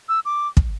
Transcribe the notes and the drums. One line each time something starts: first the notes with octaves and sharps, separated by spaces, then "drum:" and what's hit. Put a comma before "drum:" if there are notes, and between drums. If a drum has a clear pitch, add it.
E6
D6
drum: kick